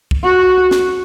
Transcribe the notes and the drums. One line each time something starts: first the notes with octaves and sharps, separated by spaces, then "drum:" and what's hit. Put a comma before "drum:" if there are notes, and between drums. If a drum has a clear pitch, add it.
drum: kick
F#4
drum: snare